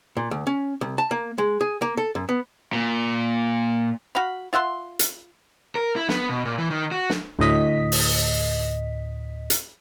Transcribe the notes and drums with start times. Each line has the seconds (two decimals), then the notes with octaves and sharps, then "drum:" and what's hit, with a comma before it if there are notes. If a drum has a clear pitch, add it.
0.17 A#2
0.31 D2
0.47 C#4
0.81 C2
0.98 A5
1.11 A#3
1.38 G#3
1.61 G#4
1.82 A#3
1.97 A4
2.15 F#2
2.29 B3
2.73 A#2
4.15 F#4 F5 B5
4.53 F4 E5 F#5 C6
4.99 drum: hi-hat
5.75 A#4
5.96 E4
6.09 B3, drum: snare
6.29 B2
6.45 A#2
6.58 E3
6.70 D#3
6.91 F#4
7.10 drum: snare
7.39 D2 A2 D#5 B6
7.92 drum: open hi-hat
9.50 drum: hi-hat